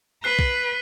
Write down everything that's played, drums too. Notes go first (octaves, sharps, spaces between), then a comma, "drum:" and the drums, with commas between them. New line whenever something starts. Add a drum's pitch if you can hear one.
B4 F#6 C7
drum: kick B1